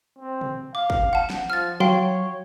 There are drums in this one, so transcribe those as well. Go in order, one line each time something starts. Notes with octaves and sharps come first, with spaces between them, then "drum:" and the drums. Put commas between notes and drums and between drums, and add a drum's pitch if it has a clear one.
C4
drum: tom
F5 D6
drum: kick
F#5 A5
drum: snare
F3 F6 A6
F#3 C#5 F5 G5 C6